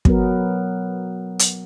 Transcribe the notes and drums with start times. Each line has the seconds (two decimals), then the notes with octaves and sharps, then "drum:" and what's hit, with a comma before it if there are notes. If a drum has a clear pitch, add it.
0.05 F#3 B3 A#4, drum: kick
1.39 drum: hi-hat